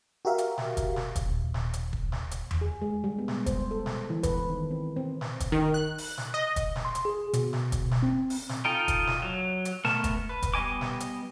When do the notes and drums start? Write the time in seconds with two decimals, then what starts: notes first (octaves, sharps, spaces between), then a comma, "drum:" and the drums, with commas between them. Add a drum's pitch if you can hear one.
0.25 F#4 G4 A#4 E5 F5
0.38 drum: hi-hat
0.58 drum: snare
0.77 drum: kick, hi-hat
0.96 drum: snare
1.16 drum: kick, hi-hat
1.26 D#1
1.54 drum: snare
1.73 drum: hi-hat
1.93 drum: kick
2.12 drum: snare
2.31 drum: hi-hat
2.51 drum: tom E2
2.61 G#4
2.82 G#3
3.04 G3
3.19 B3
3.28 drum: snare
3.46 C5, drum: kick, hi-hat
3.71 A4
3.86 drum: snare
4.10 E3
4.23 B4, drum: kick, hi-hat
4.49 D#3
4.71 C4
4.96 C4
5.21 drum: snare
5.40 drum: kick, hi-hat
5.52 D#3
5.74 F#6
5.98 drum: open hi-hat
6.18 drum: snare
6.34 D#5
6.56 drum: kick, hi-hat
6.76 drum: snare
6.85 C6
6.95 drum: hi-hat
7.05 G#4
7.33 B2, drum: hi-hat
7.53 drum: snare
7.72 drum: kick, hi-hat
7.91 drum: snare
8.03 C4
8.30 drum: open hi-hat
8.49 drum: snare
8.65 D#4 F4 A4 G5
8.88 drum: kick, hi-hat
9.07 drum: snare
9.22 F#3
9.65 drum: hi-hat
9.84 A3 B3 A#4 A5, drum: snare
10.04 drum: kick, hi-hat
10.29 B4
10.42 drum: kick, hi-hat
10.54 G3 B3 D#5 G#5 D6
10.81 drum: snare
11.00 drum: hi-hat